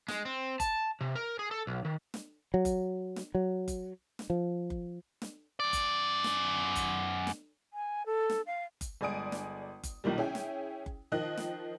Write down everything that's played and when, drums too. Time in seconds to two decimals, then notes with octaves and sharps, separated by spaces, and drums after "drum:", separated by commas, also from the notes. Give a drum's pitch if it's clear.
0.08 G#3, drum: snare
0.25 C4
0.60 A5, drum: kick F#1, hi-hat
1.01 C3
1.15 A#4
1.39 G#4
1.51 A4
1.67 B1
1.85 D#3
2.14 drum: snare
2.54 F#3
2.65 drum: kick F#1, hi-hat
3.16 drum: snare
3.35 F#3
3.68 drum: kick F#1, hi-hat
4.19 drum: snare
4.30 F3
4.70 drum: kick F#1
5.22 drum: snare
5.60 F#2 D5
5.73 drum: kick F#1, hi-hat
6.24 drum: snare
6.76 drum: kick F#1, hi-hat
7.27 drum: snare
7.73 G#5
8.06 A4
8.30 drum: snare
8.46 F5
8.81 drum: kick F#1, hi-hat
9.01 G1 G#3 D5 G#5 D#6 D7
9.32 drum: snare
9.83 drum: kick F#1, hi-hat
10.04 B1 A#2 D#3 G3
10.18 C#4 E4 G#4 G5
10.35 drum: snare
10.86 drum: kick F#1
11.12 D#3 F3 D#5 F#6
11.37 drum: snare